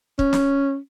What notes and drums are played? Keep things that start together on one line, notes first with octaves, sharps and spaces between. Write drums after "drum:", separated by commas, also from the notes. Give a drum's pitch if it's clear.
C#4, drum: kick
drum: snare